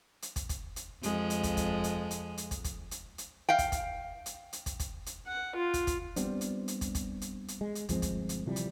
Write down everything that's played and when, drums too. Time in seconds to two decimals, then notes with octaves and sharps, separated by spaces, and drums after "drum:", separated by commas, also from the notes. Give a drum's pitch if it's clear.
0.22 drum: hi-hat
0.36 drum: kick, hi-hat
0.49 drum: kick, hi-hat
0.76 drum: hi-hat
1.03 F2 G#3, drum: hi-hat
1.30 drum: hi-hat
1.43 drum: kick, hi-hat
1.57 drum: kick, hi-hat
1.84 drum: hi-hat
2.11 drum: hi-hat
2.38 drum: hi-hat
2.51 drum: kick, hi-hat
2.64 drum: kick, hi-hat
2.91 drum: hi-hat
3.18 drum: hi-hat
3.49 F5 G5
3.59 drum: kick, hi-hat
3.72 drum: kick, hi-hat
4.26 drum: hi-hat
4.53 drum: hi-hat
4.66 drum: kick, hi-hat
4.79 drum: kick, hi-hat
5.06 drum: hi-hat
5.27 F#5
5.56 F4
5.74 drum: kick, hi-hat
5.87 drum: kick, hi-hat
6.16 G3 B3 C4 D4, drum: hi-hat
6.41 drum: hi-hat
6.68 drum: hi-hat
6.81 drum: kick, hi-hat
6.95 drum: kick, hi-hat
7.21 drum: hi-hat
7.48 drum: hi-hat
7.61 G#3
7.75 drum: hi-hat
7.89 G1 F3 G#3 C4, drum: kick, hi-hat
8.02 drum: kick, hi-hat
8.29 drum: hi-hat
8.46 C3 E3 F3 G3
8.56 drum: hi-hat